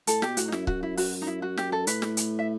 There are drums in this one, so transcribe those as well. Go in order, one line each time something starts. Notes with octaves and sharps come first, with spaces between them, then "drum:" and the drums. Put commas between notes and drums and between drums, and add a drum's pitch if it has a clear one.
A2 A4, drum: hi-hat
B2 G4, drum: snare
A2 F#4, drum: hi-hat
D#4
F#2 E4, drum: snare
F#4, drum: kick C#1
E4
F#4, drum: open hi-hat
D#4
E4
F#4
G4, drum: snare
A4
A2 B4, drum: hi-hat
drum: snare
drum: hi-hat
E5